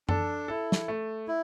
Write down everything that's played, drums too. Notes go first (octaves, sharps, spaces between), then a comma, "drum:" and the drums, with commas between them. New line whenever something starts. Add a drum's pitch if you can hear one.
D4 A4, drum: tom F#2
E4 A4
drum: snare
A3
E4